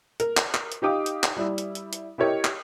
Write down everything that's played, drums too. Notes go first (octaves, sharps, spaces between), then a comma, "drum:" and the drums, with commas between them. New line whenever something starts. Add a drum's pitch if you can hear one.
A#4, drum: hi-hat
drum: clap
drum: clap
drum: hi-hat
D#4 G4 F5 G5 D6 D#6
drum: hi-hat
drum: clap
G3 E4
drum: hi-hat
drum: hi-hat
drum: hi-hat
E4 G4 A#4 C#5 D#5 G5
drum: clap